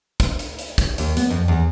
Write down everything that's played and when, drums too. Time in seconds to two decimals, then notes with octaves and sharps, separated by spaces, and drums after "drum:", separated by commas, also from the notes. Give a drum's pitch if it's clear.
0.20 drum: kick, hi-hat
0.39 drum: hi-hat
0.59 drum: hi-hat
0.78 drum: kick, hi-hat
0.98 D#2, drum: hi-hat
1.17 B3, drum: hi-hat
1.30 F2
1.48 E2